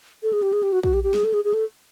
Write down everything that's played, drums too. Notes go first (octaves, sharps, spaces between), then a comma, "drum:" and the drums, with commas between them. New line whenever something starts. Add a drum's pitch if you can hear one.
A4
G#4
G4
G#4
G4
F#4
F#4, drum: kick
G4
G4
G#4, drum: snare
A4
G#4
G#4
A4